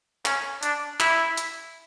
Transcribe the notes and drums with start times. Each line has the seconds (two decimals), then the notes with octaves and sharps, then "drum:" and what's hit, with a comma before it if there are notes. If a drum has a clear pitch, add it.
0.25 C#4, drum: clap
0.63 D4, drum: hi-hat
1.00 E4, drum: clap
1.37 drum: hi-hat